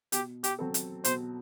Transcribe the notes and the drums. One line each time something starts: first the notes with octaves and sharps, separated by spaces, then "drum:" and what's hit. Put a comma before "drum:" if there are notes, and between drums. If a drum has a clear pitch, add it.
B2 G4, drum: hi-hat
G4, drum: hi-hat
F#3 C4 F#4 A4
drum: hi-hat
B2 C5, drum: hi-hat